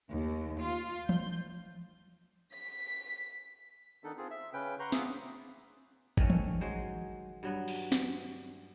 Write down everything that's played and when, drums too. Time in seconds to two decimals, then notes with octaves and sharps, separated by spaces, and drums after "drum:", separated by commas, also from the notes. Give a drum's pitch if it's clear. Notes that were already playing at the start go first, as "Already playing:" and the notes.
0.12 D#2
0.61 F4
1.09 G6, drum: tom E3
2.53 B6
4.04 D#3 B3 D4 D#4 A4
4.17 C4 F4 G#4
4.30 E5
4.53 C#3 C#4 B4 G5
4.79 B4 F#5 A#5 C6 C#6 G6
4.92 F4 G#4 E5 F#5 D6 D#6, drum: snare
6.17 D#3 E3 A3 C#4, drum: kick G#1
6.30 drum: tom E3
6.61 F#3 G#3 C5
7.43 G2 F#3 B3
7.68 drum: cymbal
7.92 drum: snare